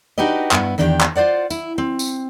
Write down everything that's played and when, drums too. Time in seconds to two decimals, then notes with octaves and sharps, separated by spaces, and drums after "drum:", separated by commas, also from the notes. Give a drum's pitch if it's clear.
0.18 D4 D#4 F#4 G4 B4 D#5
0.51 G2 B3 E4, drum: clap
0.78 E2 D#3 D4 G4 D5 G5
1.01 drum: clap
1.16 F4 C5 D5 F#5
1.50 E4, drum: tambourine
1.78 C4
1.99 drum: tambourine